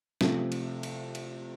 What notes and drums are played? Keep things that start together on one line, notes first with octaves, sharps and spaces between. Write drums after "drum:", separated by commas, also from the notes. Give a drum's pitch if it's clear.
C3 F3 A3, drum: snare
drum: cymbal
drum: cymbal
drum: cymbal